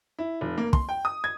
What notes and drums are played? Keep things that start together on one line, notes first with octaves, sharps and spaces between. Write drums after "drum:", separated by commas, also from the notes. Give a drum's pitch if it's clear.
E4
F1
A#3
C6, drum: kick
G5
D#6
G#6